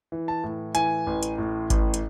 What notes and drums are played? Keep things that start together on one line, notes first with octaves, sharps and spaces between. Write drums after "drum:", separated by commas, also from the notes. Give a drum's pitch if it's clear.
E3
A5
A2
E3 G#5, drum: hi-hat
A1
drum: hi-hat
A2
A1, drum: kick G#1, hi-hat
drum: hi-hat